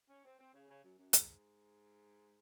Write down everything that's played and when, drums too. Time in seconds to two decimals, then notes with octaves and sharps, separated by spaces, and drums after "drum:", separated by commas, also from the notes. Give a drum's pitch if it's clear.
0.09 C#4
0.24 C4
0.39 C4
0.54 C#3
0.68 C#3
0.83 F#2
0.98 F#2
1.13 G#2, drum: hi-hat
1.27 G#2